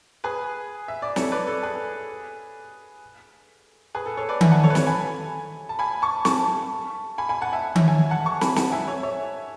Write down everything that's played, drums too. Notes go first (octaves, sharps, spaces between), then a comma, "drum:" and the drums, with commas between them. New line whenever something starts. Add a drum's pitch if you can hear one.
G#4 B4
E5
D5
A4 C#5, drum: snare
B4 D5
A4
G#4 B4
G#4 B4
A4
A4 C#5
B4 D5
E5 G#5, drum: tom D#3
F#5 A5
A4 C#5
B4
A4 C#5, drum: snare
G#5 B5
A5
G#5 B5
A5 C#6
A5 C#6, drum: snare
G#5 B5
G#5 B5
F#5 A5
E5 G#5
C#5 E5, drum: tom D#3
E5 G#5
F#5 A5
A5 C#6
G#5 B5, drum: snare
F#5 A5, drum: snare
E5 G#5
C#5 E5
C#5 E5